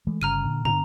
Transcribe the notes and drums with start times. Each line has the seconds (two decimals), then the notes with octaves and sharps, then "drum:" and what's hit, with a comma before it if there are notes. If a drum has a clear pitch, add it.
0.07 E3 G#3 A3
0.22 G1 C#3 G3 A#5 F6 D#7
0.45 A#2 D3
0.65 D3 B3 A#5, drum: tom